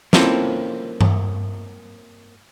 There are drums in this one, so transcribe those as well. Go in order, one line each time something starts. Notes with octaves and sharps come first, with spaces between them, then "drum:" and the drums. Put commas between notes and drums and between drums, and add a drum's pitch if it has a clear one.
A#3 C4 C#4 E4 F4 A4, drum: snare
drum: tom G2